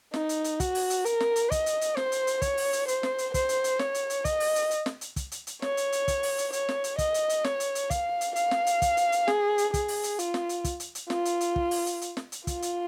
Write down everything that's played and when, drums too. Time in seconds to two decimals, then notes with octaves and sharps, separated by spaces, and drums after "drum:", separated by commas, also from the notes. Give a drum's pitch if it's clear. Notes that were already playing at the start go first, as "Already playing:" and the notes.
0.14 D#4, drum: snare
0.29 drum: hi-hat
0.44 drum: hi-hat
0.60 F#4, drum: kick, hi-hat
0.75 drum: open hi-hat
0.90 drum: hi-hat
1.05 A#4, drum: hi-hat
1.20 drum: snare
1.36 drum: hi-hat
1.52 D#5, drum: kick, hi-hat
1.66 drum: hi-hat
1.81 drum: hi-hat
1.97 C5, drum: snare
2.12 drum: hi-hat
2.27 drum: hi-hat
2.42 C#5, drum: kick, hi-hat
2.57 drum: open hi-hat
2.73 drum: hi-hat
2.88 C5, drum: hi-hat
3.03 drum: snare
3.18 drum: hi-hat
3.34 C5, drum: kick, hi-hat
3.49 drum: hi-hat
3.64 drum: hi-hat
3.79 C#5, drum: snare
3.95 drum: hi-hat
4.10 drum: hi-hat
4.25 D#5, drum: kick, hi-hat
4.40 drum: open hi-hat
4.55 drum: hi-hat
4.71 drum: hi-hat
4.86 drum: snare
5.01 drum: hi-hat
5.16 drum: kick, hi-hat
5.32 drum: hi-hat
5.47 drum: hi-hat
5.62 C#5, drum: snare
5.77 drum: hi-hat
5.92 drum: hi-hat
6.08 drum: kick, hi-hat
6.23 drum: open hi-hat
6.38 drum: hi-hat
6.53 C#5, drum: hi-hat
6.69 drum: snare
6.84 drum: hi-hat
6.98 D#5, drum: kick, hi-hat
7.14 drum: hi-hat
7.29 drum: hi-hat
7.44 C#5, drum: snare
7.60 drum: hi-hat
7.75 drum: hi-hat
7.90 F5, drum: kick, hi-hat
8.21 drum: hi-hat
8.36 F5, drum: hi-hat
8.51 drum: snare
8.67 drum: hi-hat
8.82 drum: kick, hi-hat
8.97 drum: hi-hat
9.12 drum: hi-hat
9.28 G#4, drum: snare
9.58 drum: hi-hat
9.74 G#4, drum: kick, hi-hat
9.88 drum: open hi-hat
10.04 drum: hi-hat
10.19 F4, drum: hi-hat
10.34 drum: snare
10.49 drum: hi-hat
10.64 drum: kick, hi-hat
10.80 drum: hi-hat
10.95 drum: hi-hat
11.10 F4, drum: snare
11.25 drum: hi-hat
11.41 drum: hi-hat
11.56 drum: kick
11.71 drum: open hi-hat
11.86 drum: hi-hat
12.01 drum: hi-hat
12.17 drum: snare
12.32 drum: hi-hat
12.47 F4, drum: kick, hi-hat
12.62 drum: hi-hat